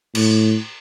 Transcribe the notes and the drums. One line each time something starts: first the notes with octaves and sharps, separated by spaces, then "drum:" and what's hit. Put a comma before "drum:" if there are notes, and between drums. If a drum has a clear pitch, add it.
A2, drum: cymbal